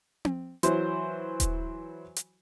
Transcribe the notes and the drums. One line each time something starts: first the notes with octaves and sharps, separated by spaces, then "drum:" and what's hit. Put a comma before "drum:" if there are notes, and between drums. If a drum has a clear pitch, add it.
drum: tom C4
E3 F#3 C5, drum: hi-hat
drum: kick D#1, hi-hat
drum: hi-hat